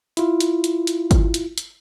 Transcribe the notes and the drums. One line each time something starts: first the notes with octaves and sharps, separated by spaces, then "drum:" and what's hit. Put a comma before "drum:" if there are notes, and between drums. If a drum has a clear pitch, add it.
E4 F4, drum: hi-hat
drum: hi-hat
drum: hi-hat
drum: hi-hat
drum: kick G1, hi-hat
drum: hi-hat
drum: hi-hat